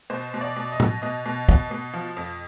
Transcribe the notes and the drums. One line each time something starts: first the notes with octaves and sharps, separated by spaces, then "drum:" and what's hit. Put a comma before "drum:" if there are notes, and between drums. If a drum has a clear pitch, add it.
B2 C5
B2
D5
B2
D#5
B2, drum: tom
B2 D#5
B2
B2, drum: kick
B2
F3
F2